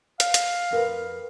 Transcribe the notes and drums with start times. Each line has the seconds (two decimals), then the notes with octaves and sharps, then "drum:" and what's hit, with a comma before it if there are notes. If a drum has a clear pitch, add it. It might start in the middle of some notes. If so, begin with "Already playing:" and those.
0.20 F5, drum: hi-hat
0.34 drum: hi-hat
0.71 F2 A#4 B4